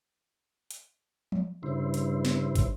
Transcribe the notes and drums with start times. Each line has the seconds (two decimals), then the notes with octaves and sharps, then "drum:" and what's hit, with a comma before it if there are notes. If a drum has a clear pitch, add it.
0.71 drum: hi-hat
1.32 drum: tom F3
1.63 G2 C#3 E4 C5
1.94 drum: hi-hat
2.25 drum: snare
2.55 drum: kick, hi-hat